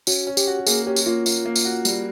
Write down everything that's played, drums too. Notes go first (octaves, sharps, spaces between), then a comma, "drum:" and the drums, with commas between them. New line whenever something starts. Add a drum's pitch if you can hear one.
C#4 F#4, drum: tambourine
C#4
G4, drum: tambourine
F#4
A#3 G#4, drum: tambourine
C#4 G4
drum: tambourine
A#3 F4
A#3, drum: tambourine
A#3
drum: tambourine
F#4
G3, drum: tambourine